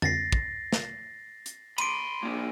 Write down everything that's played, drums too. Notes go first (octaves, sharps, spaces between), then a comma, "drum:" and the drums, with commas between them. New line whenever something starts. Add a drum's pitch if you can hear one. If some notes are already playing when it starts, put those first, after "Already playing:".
A6 A#6 C7, drum: tom F2
drum: kick
drum: snare
drum: hi-hat
B5 C6 D7 D#7, drum: cymbal
A#3 D4